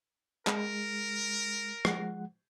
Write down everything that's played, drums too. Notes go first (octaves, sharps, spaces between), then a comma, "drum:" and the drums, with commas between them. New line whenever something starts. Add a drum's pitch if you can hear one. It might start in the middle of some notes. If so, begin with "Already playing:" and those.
G#3 A#4, drum: clap
F3 G#3 F#5, drum: rim click